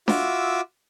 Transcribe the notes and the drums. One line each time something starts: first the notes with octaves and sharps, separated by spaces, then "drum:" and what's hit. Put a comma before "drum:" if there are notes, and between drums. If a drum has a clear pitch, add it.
F4 F#4 E5 D6 E6, drum: snare D4